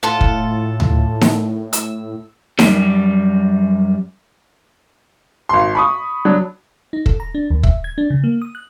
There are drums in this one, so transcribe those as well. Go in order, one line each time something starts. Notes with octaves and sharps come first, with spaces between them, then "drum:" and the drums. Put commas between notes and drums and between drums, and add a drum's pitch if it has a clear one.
A2 F4 A4 F#5
drum: kick
drum: tom D2
drum: snare D#4
E6, drum: hi-hat
F#2 G3, drum: snare D#4
G#1 C6
B5 C#6 D#6
F#3 D4
D#4
A4, drum: kick
A#5
D4
D#2
E5, drum: kick
G#6
D4
C#3
A#3
D#6
F#6